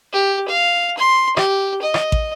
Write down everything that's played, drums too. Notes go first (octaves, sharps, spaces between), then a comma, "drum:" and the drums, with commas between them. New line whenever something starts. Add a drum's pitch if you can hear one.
G4
F5
C6
G4, drum: rim click
D#5
drum: rim click
drum: kick